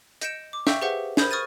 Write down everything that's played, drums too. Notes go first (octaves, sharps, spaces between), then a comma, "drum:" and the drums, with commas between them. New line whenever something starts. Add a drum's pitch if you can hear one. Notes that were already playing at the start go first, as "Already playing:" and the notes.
D#5 G6 C#7 D7 E7, drum: hi-hat
D6
E5 F5 G5 C#6 E6 G6, drum: snare
G4 G#4 B4 C5 E5 F#5
A#4 C5 B5 D#6 G6 G#6, drum: snare
C#6 D#6 F6 G#6 A6 D#7